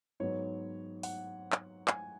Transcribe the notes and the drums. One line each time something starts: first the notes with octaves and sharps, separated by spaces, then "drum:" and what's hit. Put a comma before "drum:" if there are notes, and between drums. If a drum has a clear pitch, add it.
G#2 F#3 B3 C#5
F#5, drum: open hi-hat
drum: clap
G#5, drum: clap